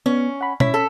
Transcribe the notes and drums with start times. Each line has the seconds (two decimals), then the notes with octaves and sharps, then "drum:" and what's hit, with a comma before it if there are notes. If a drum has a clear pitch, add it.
0.06 B3 C#4
0.41 F#5 B5
0.60 C#4 E4 C#5 B6, drum: tom
0.74 A4